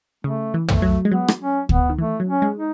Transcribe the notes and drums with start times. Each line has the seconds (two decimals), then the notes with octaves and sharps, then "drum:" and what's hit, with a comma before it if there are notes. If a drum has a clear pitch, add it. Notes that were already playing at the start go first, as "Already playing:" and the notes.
0.24 C#3 A3
0.54 E3
0.68 A3, drum: tom
0.82 F#3
1.05 G#3
1.11 F#3 B3
1.28 drum: rim click
1.40 C#4
1.69 B3, drum: kick
1.89 D#3
1.98 E3 A3
2.20 F#3
2.27 C#4
2.42 G#3
2.56 D#4